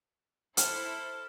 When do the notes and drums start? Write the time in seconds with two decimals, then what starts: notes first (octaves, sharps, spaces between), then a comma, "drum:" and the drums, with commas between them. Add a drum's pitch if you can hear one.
0.57 E4 A4 C5 F6, drum: hi-hat